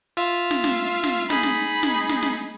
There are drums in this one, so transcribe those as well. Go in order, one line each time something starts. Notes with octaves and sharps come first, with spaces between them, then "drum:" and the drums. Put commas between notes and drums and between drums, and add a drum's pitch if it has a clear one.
F4 E5 F5
drum: snare
drum: snare
drum: snare
D#4 G#4 B5, drum: snare
drum: snare
drum: snare
drum: snare
drum: snare